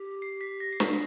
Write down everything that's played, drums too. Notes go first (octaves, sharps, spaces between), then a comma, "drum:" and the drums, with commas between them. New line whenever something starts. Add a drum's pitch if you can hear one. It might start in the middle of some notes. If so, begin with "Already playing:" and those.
Already playing: G4
C7
B6
A#6
C7
G#4 B6, drum: snare